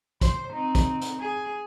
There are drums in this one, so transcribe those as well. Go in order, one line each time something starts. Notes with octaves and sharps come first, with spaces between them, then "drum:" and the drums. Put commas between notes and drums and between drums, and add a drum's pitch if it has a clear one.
C5, drum: kick, hi-hat
C4 D#4
drum: kick, hi-hat
drum: hi-hat
G#4